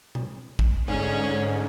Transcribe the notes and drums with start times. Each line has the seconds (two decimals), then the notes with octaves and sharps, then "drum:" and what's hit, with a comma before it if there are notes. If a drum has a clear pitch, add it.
0.15 drum: tom
0.59 drum: kick
0.88 G#2 D3 C#4 G#4